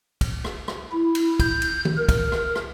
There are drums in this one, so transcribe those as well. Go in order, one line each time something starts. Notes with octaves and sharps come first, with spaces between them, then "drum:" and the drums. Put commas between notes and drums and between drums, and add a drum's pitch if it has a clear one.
drum: kick, cymbal
drum: rim click
drum: rim click
E4
drum: cymbal
G6, drum: kick, cymbal
drum: cymbal
drum: tom
A#4
drum: kick, cymbal
drum: rim click
drum: rim click